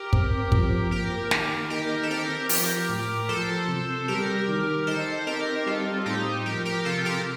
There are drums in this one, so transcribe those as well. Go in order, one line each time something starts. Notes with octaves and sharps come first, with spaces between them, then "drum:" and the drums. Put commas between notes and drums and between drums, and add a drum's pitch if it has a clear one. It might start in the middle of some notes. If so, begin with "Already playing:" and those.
Already playing: G4 A#4
C4, drum: kick
F3, drum: kick
A#3 G4 A#4
D#3, drum: snare
D#4 G4 A#4
A4
C4 G4 A#4
F3 G4 A#4, drum: open hi-hat
A2
F3 A4 C5
C3
G3 G4 A#4
D#3
D#4 A4 C5
C4 G4 A#4
G3 F4 A4
A2 D#4 G4
F3 G4 A#4
G4 A#4
C3 F4 A4
G4 A#4